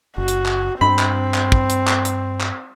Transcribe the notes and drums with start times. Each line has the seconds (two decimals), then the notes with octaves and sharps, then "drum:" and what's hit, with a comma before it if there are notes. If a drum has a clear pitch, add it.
0.18 F#1 F#4
0.28 drum: hi-hat
0.46 drum: clap
0.81 G2 C4 D4 B5
0.99 drum: clap
1.34 drum: clap
1.52 drum: kick
1.70 drum: hi-hat
1.87 drum: clap
2.05 drum: hi-hat
2.41 drum: clap